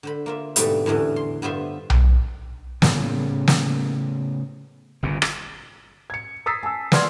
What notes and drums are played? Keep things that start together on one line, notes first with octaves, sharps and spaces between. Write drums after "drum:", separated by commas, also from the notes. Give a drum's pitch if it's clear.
D3 C5 B5
A#3 F4 E5
G#2 B2 D3 G3 A3 C4, drum: hi-hat
E2 A2 D3 E3 C#4
C6
G2 B3 F4 C5 E5 C6
drum: tom B1
A2 C#3 G3 B3, drum: snare
drum: snare
G1 A#2 C#3
drum: rim click
G#6 C#7
A#5 D#6 E6 A6 B6 C7
G#5 A5 E6
B4 D5 F#5 C6 F6 G#6, drum: snare